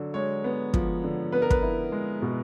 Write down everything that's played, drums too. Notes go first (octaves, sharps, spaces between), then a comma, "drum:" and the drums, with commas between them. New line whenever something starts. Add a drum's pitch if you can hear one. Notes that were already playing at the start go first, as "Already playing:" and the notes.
Already playing: D3 F#3
G#3 C#5
B3
F3, drum: kick
D3
B3 B4
A#4
B4, drum: kick
E4
G#3
B2